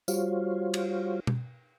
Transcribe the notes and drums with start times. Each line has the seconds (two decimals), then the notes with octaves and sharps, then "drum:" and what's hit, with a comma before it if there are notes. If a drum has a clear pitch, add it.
0.08 G3 F4 F#4 C5 C#5 F5, drum: tambourine
0.74 drum: cymbal
1.27 drum: tom